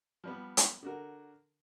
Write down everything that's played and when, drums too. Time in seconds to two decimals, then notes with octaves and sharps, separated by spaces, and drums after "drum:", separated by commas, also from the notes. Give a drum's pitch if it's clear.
0.24 F3 G3 B3
0.57 drum: hi-hat
0.83 D3 F#4 A#4